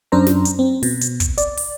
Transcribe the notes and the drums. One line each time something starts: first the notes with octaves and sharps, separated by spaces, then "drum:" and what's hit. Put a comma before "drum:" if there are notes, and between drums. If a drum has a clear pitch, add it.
F#2 D4 C5 A#5
drum: snare
drum: hi-hat
C4
B2, drum: open hi-hat
drum: hi-hat
drum: kick, hi-hat
D5, drum: hi-hat
drum: open hi-hat